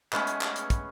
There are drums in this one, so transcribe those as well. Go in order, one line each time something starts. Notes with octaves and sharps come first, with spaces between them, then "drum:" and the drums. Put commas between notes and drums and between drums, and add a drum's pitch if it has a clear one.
G#3 A3 B3 C#4 G#4 B4, drum: clap
drum: hi-hat
drum: clap
drum: hi-hat
drum: kick, hi-hat